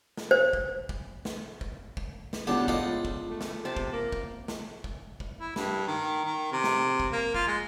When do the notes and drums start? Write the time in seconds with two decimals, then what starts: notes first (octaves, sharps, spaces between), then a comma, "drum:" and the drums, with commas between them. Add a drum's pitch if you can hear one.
0.17 drum: snare
0.31 C5
0.53 drum: kick
0.89 drum: kick
1.25 drum: snare
1.61 drum: kick
1.97 drum: kick
2.33 drum: snare
2.47 C#2 A2 B3 D4 G4 A5
2.68 C#2 F4 A4 D#5 D6, drum: kick
3.05 drum: kick
3.31 A3
3.41 drum: snare
3.65 C3 C4 A5
3.77 drum: kick
3.93 A#3
4.12 drum: kick
4.48 drum: snare
4.84 drum: kick
5.20 drum: kick
5.40 E4
5.56 G2, drum: snare
5.87 D#3
6.24 D#3
6.52 C3
6.64 drum: snare
7.00 drum: kick
7.12 A#3
7.34 F4, drum: kick
7.47 G#3